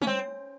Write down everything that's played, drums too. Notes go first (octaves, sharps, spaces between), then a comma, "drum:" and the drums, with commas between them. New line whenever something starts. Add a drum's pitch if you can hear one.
C#4, drum: tom G3
C4